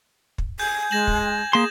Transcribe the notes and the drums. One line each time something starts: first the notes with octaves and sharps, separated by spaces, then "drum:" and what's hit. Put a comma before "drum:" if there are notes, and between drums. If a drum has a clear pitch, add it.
drum: kick
G#5 G6 G#6
G#3 A#6 E7 F#7
drum: kick
A#3 G#4 C6 A#6 E7